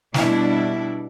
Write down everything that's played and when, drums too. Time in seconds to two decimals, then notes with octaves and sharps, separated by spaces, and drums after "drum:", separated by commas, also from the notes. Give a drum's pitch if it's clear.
0.14 B2 G3 D4 E4, drum: snare